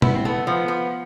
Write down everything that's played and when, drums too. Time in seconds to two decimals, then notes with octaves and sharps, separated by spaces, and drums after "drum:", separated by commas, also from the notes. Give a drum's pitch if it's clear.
0.02 B3 E4, drum: tom
0.15 C4
0.25 A3 B3
0.47 F3 B3
0.68 F3